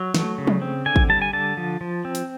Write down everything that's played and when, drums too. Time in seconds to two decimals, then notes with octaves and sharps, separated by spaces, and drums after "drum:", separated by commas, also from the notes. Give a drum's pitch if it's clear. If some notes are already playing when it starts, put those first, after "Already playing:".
Already playing: F#3
0.14 A3, drum: snare
0.38 C#3
0.47 drum: tom F3
0.61 C4
0.86 D3 G#5
0.96 drum: kick
1.09 G3 A5
1.22 G#5
1.33 D3 A5
1.57 F3
1.81 F3
2.05 C4
2.15 drum: hi-hat